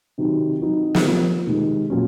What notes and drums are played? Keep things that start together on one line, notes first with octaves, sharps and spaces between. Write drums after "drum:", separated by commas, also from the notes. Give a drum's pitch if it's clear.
C3 D#3 F#3 C4
F#3 C4 D#4 F#4
drum: snare
F3 A#3 F4
C3 D#3 G#3
A#2 F#3 C#4